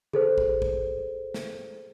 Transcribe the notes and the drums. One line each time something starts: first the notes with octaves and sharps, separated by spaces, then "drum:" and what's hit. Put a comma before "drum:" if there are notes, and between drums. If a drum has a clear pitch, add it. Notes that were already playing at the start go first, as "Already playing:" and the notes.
G#4 A4 C5, drum: tom D3
drum: kick
drum: kick
drum: snare